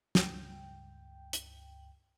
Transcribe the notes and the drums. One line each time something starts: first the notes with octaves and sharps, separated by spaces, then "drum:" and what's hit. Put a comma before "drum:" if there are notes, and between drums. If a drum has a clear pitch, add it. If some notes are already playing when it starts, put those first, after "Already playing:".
C#2 G2 G5, drum: snare
drum: hi-hat